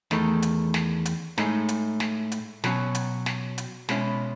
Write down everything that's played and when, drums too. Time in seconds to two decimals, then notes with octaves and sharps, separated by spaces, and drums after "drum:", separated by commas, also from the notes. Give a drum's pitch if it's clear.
0.11 E2 D#3 A3 D#4, drum: snare
0.42 drum: hi-hat
0.74 drum: snare
1.05 drum: hi-hat
1.38 A2 G#3 D#4, drum: snare
1.69 drum: hi-hat
2.00 drum: snare
2.32 drum: hi-hat
2.64 B2 F#3 C#4, drum: snare
2.95 drum: hi-hat
3.26 drum: snare
3.58 drum: hi-hat
3.89 B2 G#3 C#4 E4, drum: snare